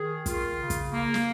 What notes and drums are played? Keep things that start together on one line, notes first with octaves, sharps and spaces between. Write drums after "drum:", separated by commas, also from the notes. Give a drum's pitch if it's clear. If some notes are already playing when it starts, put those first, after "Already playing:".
Already playing: D#3 G#4
F4, drum: kick, hi-hat
C#3
drum: kick, hi-hat
A#3
drum: snare